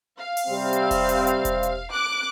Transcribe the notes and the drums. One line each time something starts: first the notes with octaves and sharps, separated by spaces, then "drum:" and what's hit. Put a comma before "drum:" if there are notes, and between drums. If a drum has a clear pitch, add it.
F5
drum: open hi-hat
C3 G3 C4
drum: hi-hat
drum: kick E1, open hi-hat
drum: hi-hat
drum: hi-hat
drum: kick E1, hi-hat
drum: hi-hat
D6 F#6